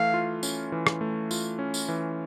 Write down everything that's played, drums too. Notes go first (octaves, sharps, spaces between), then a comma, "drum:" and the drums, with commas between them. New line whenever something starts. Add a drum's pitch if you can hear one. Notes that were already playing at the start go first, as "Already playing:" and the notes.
Already playing: E3 A3 F5
F4
C#4, drum: tambourine
E3
drum: rim click
A3
F4, drum: tambourine
C#4
drum: tambourine
E3